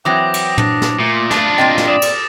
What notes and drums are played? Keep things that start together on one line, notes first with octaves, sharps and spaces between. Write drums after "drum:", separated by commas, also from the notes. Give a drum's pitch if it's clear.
E3 F#3 C4 G5 D6 D#6 A#6
drum: cymbal
D4, drum: tom
drum: snare
A#2 A3
D4 F4 A5, drum: snare
A#2 C4 D#5 G5 A6
drum: snare
D5 D#6 E7
drum: cymbal